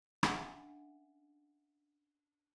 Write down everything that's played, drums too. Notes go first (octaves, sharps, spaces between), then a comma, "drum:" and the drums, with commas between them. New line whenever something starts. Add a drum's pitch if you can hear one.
C#4 D4 E5 F#5 G#5, drum: rim click